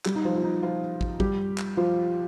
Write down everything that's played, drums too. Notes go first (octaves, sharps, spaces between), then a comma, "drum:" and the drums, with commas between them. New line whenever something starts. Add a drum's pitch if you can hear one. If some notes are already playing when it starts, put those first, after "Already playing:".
G3 G4, drum: clap
D#4
F3 F4
F4
D#4
F3 F4
drum: kick
G3 G4, drum: kick
drum: clap
F3 F4